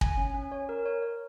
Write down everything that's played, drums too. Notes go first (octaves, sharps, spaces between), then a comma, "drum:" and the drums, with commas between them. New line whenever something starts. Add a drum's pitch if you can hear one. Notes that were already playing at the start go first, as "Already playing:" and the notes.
G#5, drum: kick
C#4
C#4
C#5
A#4
C#5
C#5